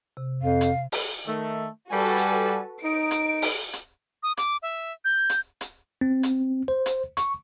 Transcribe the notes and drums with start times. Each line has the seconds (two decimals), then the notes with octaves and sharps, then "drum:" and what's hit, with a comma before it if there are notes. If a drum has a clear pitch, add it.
0.17 C3
0.42 F2 F5
0.61 drum: hi-hat
0.92 drum: open hi-hat
1.27 D#3 A3
1.91 G3 F#4 A4 B4 G#5
2.17 drum: hi-hat
2.83 D#4 D7
3.11 drum: hi-hat
3.42 drum: open hi-hat
3.73 drum: hi-hat
4.23 D#6
4.37 D6, drum: hi-hat
4.63 E5
5.05 G6
5.30 drum: hi-hat
5.61 drum: hi-hat
6.01 C4
6.23 drum: hi-hat
6.68 C5
6.86 drum: hi-hat
7.17 C#6, drum: hi-hat